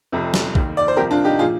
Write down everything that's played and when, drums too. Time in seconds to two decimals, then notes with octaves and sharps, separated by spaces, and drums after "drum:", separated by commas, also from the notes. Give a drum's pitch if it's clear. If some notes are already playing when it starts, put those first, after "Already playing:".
0.12 F1 F2 C3 F3
0.34 drum: snare
0.55 D#2 D#3, drum: kick A#1
0.77 D5
0.88 C5
0.96 C2 C3 F3 G4 A#4
1.11 D4 F4
1.25 D#4 G4
1.39 A#2 F3 F4 G#4